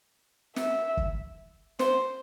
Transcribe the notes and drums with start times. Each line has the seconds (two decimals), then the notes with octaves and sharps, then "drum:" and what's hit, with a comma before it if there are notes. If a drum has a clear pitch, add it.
0.56 E5, drum: snare
0.97 drum: kick
1.79 C5, drum: snare